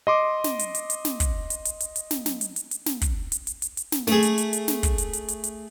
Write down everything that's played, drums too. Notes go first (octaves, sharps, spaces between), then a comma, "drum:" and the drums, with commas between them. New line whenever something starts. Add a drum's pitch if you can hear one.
D#5 C6 D6
drum: snare
drum: hi-hat
drum: hi-hat
drum: hi-hat
drum: snare
drum: kick, hi-hat
drum: hi-hat
drum: hi-hat
drum: hi-hat
drum: hi-hat
drum: snare
drum: snare
drum: hi-hat
drum: hi-hat
drum: hi-hat
drum: snare
drum: kick, hi-hat
drum: hi-hat
drum: hi-hat
drum: hi-hat
drum: hi-hat
drum: snare
A3 G#4, drum: snare
drum: hi-hat
drum: hi-hat
drum: hi-hat
drum: snare
drum: kick, hi-hat
drum: hi-hat
drum: hi-hat
drum: hi-hat
drum: hi-hat